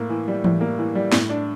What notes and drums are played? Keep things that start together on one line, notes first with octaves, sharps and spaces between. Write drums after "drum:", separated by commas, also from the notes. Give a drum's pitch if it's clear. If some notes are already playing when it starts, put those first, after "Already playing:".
Already playing: A2 A#3
E3
G3
A2, drum: tom E3
A#3
E3
G3
A2, drum: snare
D4